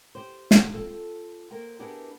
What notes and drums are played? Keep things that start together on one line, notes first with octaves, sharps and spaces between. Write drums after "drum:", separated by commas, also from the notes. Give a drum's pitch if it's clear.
G4 C5
drum: snare
C4 F4 A4
A#3 A#4 C5 G5
B3 D4 E4 G4 G#4 A#4